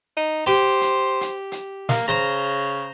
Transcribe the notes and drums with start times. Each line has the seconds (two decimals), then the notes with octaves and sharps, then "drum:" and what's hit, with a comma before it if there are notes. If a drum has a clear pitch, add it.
0.17 D#4
0.46 G4 C5
0.81 drum: hi-hat
1.21 drum: hi-hat
1.52 drum: hi-hat
1.89 A#3, drum: snare
2.08 C#3 C5 A#5